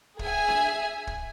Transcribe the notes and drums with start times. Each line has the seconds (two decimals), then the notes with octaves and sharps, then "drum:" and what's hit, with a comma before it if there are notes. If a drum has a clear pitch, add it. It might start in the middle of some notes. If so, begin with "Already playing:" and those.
0.19 G#4 E5 G#5, drum: kick
0.48 drum: snare D4
1.07 drum: kick